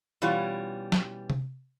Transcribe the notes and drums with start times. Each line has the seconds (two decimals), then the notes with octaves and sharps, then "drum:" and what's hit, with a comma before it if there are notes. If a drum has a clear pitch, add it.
0.22 B2 E3 G3 C#4 F4
0.92 drum: snare
1.30 drum: tom C3